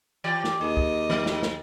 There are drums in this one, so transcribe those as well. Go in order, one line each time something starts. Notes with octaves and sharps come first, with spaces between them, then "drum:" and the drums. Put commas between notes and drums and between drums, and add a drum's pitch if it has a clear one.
E3 G4 D5
drum: snare
D#2 G#4 D#5
drum: kick
F#3, drum: tom D#3
drum: snare
drum: snare